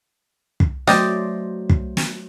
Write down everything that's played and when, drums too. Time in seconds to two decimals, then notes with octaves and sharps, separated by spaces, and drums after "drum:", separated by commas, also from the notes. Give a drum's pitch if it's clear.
0.60 drum: kick
0.87 F#3 A3 C5 D5 D#5 G5, drum: snare
1.69 drum: kick
1.97 drum: snare